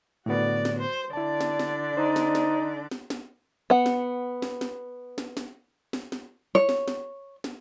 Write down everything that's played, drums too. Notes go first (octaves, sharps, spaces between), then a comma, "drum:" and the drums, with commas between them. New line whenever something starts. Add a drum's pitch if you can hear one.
A2 D3 B3 F#4 D5
drum: snare
C5
D3 E4 D5 A5
drum: snare
drum: snare
D#4 C5
drum: snare
drum: snare
drum: snare
drum: snare
B3 F#5
drum: snare
drum: snare
drum: snare
drum: snare
drum: snare
drum: snare
drum: snare
C#5
drum: snare
drum: snare
drum: snare